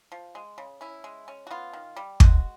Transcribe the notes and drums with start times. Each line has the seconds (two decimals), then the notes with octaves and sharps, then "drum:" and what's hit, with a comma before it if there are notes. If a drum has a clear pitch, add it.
0.12 F3
0.35 G#3
0.58 C#3
0.81 C#4 E4
1.04 G#3
1.28 C#4
1.47 F#4
1.51 B3 F4
1.73 D#3
1.97 G3
2.20 G#3 F#4, drum: kick